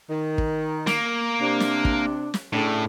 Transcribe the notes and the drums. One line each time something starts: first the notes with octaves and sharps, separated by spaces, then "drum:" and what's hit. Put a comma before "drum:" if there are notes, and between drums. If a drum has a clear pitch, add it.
D#3
drum: kick
A#3, drum: snare
C3 D4
drum: snare
drum: kick
drum: snare
A2 C#3 A3 D4